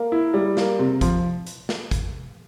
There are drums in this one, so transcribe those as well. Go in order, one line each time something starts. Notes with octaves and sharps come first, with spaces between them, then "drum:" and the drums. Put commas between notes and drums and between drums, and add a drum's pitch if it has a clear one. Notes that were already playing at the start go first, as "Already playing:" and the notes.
Already playing: A#3
E4
G3
A#3, drum: snare
C3
F3, drum: kick G#1, hi-hat
drum: hi-hat
drum: snare
drum: kick G#1, hi-hat